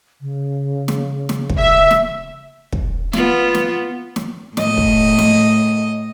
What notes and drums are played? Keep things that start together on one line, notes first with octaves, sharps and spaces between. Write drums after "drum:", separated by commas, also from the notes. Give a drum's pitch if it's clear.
C#3
drum: snare
drum: snare
drum: kick
E5
drum: snare
drum: kick
B3 F4, drum: snare
drum: snare
drum: snare
A2 D#5, drum: snare
drum: kick
drum: snare